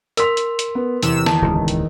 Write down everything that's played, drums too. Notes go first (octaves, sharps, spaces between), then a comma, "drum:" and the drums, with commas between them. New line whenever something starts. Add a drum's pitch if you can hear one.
A#4 C6 E6 B6 F7, drum: hi-hat
drum: hi-hat
drum: hi-hat
B3
E2 C3 E6 E7, drum: hi-hat
D#3 A5, drum: snare
D1 C#2
drum: hi-hat